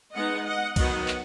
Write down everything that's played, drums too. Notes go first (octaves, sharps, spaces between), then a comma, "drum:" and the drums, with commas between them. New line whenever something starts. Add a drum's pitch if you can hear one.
G#3 B3 D#4 D#5 F#5
D#5 F#5
D#3 F#3 B3 D#4 D#5 F#5, drum: kick, cymbal
drum: clap